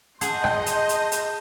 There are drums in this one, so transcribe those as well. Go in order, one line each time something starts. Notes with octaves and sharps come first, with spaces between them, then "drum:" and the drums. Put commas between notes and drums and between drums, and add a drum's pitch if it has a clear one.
G#4 D#5 F#5 A5 C6 G6, drum: hi-hat
drum: rim click
drum: hi-hat
drum: hi-hat
drum: hi-hat